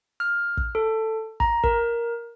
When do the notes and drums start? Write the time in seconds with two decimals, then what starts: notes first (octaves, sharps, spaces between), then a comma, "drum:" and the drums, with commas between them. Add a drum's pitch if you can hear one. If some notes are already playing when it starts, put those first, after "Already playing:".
0.20 F6
0.57 drum: kick
0.75 A4
1.40 A#5, drum: kick
1.64 A#4, drum: kick